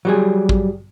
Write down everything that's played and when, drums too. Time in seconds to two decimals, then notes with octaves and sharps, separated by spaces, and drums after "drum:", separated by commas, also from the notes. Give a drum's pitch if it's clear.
0.05 F#3 G3 G#4
0.49 drum: kick A1